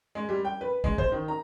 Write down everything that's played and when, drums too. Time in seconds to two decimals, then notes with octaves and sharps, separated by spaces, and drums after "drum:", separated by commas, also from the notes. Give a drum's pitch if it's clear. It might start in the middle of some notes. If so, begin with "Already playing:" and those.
0.15 G#3
0.29 G3
0.45 G5
0.61 B4
0.84 G#3, drum: kick
0.98 C5, drum: kick
1.12 D#3
1.28 A#5